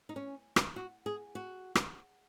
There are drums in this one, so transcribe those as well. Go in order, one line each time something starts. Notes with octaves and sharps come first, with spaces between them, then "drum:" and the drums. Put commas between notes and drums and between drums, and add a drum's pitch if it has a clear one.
D#4
C#4
drum: rim click
F#4
G#4
F#4
drum: rim click